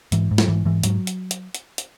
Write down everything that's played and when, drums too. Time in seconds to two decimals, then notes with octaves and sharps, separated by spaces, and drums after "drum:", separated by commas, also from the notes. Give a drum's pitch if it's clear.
0.12 G#2 E3, drum: hi-hat
0.31 G#2
0.38 F#3, drum: snare
0.48 G#2 E3
0.65 G#2 E3
0.83 G#2 F#3, drum: hi-hat
1.07 drum: hi-hat
1.31 drum: hi-hat
1.55 drum: hi-hat
1.78 drum: hi-hat